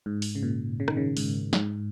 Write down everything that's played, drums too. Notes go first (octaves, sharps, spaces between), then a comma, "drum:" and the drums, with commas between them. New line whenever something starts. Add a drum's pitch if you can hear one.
G#2
drum: open hi-hat
C#3
A#2
C#3
D#3, drum: rim click
C#3
G#2, drum: open hi-hat
G#2, drum: snare